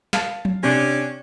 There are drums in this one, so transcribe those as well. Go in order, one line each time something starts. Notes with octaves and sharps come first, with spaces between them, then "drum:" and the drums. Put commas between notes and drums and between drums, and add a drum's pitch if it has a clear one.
F5 A5, drum: snare
drum: tom F3
C3 C#4 D4